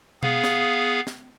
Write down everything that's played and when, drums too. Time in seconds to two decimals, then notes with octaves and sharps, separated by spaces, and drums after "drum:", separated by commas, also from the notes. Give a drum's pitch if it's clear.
0.23 B3 G#4 F5, drum: tom B2
0.44 drum: snare
1.07 drum: snare